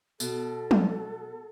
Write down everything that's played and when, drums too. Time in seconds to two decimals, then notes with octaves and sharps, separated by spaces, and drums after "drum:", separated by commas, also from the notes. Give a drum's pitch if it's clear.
0.20 B2 A4, drum: tambourine
0.71 drum: tom